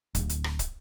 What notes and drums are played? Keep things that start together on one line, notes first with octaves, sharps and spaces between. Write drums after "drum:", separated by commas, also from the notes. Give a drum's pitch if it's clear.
D1, drum: kick, hi-hat
drum: hi-hat
drum: rim click
drum: kick, hi-hat